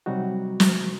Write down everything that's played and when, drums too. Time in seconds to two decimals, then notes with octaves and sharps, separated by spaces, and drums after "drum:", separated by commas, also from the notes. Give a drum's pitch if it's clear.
0.06 C3 F#3 G3 D#4 F#4
0.60 drum: snare